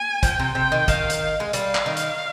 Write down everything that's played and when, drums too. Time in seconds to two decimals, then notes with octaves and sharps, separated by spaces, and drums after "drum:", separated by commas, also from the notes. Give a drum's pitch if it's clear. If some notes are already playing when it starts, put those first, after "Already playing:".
Already playing: G#5
0.23 F3 G5, drum: kick, hi-hat
0.39 C3
0.55 C3 G5
0.72 D#3
0.88 D#3 F5, drum: kick, hi-hat
1.10 drum: hi-hat
1.40 G#3
1.53 G3 F5, drum: hi-hat
1.75 drum: clap
1.86 D#3
1.97 drum: hi-hat